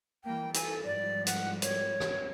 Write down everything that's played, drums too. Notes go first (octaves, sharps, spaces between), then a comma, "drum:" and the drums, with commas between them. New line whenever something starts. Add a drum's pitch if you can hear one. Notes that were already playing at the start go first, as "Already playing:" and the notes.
E3 G3 A#3 G5
A4 G#5, drum: hi-hat
G#2 F3 G3 D5
F#5, drum: hi-hat
C#5, drum: hi-hat
drum: rim click